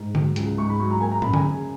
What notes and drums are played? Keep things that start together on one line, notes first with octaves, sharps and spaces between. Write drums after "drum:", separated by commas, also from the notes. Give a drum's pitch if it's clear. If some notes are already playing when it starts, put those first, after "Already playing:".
Already playing: G#2
F#3, drum: tom D3
C#2, drum: hi-hat
G#2 C#6
B5
F#3 C#6
A#5
A#3 G#5
A#5
F#2 B5, drum: tom
G#5, drum: tom D3
C#3